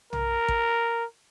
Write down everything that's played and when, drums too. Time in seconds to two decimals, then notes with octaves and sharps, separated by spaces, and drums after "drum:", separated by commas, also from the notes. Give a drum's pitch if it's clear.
0.13 A#4, drum: tom B1
0.48 drum: kick A1